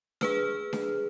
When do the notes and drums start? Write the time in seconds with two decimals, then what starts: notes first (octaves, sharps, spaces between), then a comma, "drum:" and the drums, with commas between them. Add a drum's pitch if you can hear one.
0.21 G#4 B4 F6, drum: snare D4
0.73 drum: snare D4